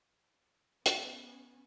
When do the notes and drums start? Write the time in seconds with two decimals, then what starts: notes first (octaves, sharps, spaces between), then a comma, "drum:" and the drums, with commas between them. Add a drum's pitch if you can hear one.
0.86 B3 C#4, drum: hi-hat